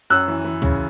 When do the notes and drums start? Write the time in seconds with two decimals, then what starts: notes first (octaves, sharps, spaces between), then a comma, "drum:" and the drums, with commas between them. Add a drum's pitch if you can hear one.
0.10 F#2 E6 F#6
0.28 E3
0.44 E3
0.62 C#3, drum: tom